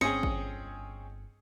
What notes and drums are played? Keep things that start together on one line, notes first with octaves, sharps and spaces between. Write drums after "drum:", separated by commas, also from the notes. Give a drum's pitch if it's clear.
G1 C4 C#4 G#4 D#5 C#7, drum: snare
drum: kick